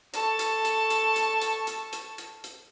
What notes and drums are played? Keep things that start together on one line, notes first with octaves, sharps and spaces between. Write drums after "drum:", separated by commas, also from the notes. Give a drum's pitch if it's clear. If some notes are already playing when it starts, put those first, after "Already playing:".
A4 A5 C#6, drum: hi-hat
drum: hi-hat
drum: hi-hat
drum: hi-hat
drum: hi-hat
drum: hi-hat
drum: hi-hat
drum: hi-hat
drum: hi-hat
drum: hi-hat